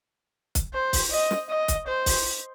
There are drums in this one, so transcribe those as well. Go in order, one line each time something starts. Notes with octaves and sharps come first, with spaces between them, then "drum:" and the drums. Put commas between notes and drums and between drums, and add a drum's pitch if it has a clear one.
drum: kick, hi-hat
C5
drum: kick, open hi-hat
D#5
drum: snare
D#5
drum: kick, hi-hat
C5
drum: kick, open hi-hat